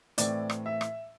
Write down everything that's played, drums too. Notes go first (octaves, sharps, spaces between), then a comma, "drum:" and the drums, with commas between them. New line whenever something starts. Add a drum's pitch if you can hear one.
A2 E3 A3 C4 D5, drum: hi-hat
drum: rim click
E5
drum: rim click